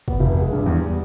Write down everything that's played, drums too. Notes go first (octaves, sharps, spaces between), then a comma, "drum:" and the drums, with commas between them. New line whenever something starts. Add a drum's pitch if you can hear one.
B3, drum: kick G1
F1
G#3
G2
E2
G3